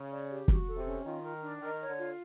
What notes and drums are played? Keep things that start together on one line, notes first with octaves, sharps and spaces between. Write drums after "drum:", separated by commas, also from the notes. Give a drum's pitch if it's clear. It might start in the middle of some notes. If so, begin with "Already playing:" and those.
Already playing: C#3
D5
G4
F#4, drum: kick
A4
C3
C#4
D#3 F4
A#4
D4
D#3 A#4
C#5
D3
F4